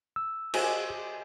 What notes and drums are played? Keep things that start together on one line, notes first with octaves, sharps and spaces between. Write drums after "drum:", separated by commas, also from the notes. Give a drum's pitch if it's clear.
E6
G#3 F#4 G4 C5 D5 G#5, drum: cymbal